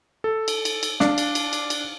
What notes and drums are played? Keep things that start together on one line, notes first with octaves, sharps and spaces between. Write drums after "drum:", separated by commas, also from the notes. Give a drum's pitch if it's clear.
A4
drum: cymbal
drum: cymbal
drum: cymbal
D4 F5, drum: snare
drum: cymbal
drum: cymbal
drum: cymbal
drum: cymbal